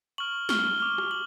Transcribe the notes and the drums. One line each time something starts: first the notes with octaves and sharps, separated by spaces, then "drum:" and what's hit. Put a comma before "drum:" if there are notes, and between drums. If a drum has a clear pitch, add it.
C#6 F6 F#7
C#6 F6 G7, drum: snare
D6 F6
drum: rim click
F#7